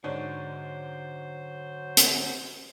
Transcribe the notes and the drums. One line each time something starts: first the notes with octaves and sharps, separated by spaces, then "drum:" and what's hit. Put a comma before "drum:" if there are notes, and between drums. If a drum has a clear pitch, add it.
G#2 D3 F#3 D4 C5 C#5
drum: hi-hat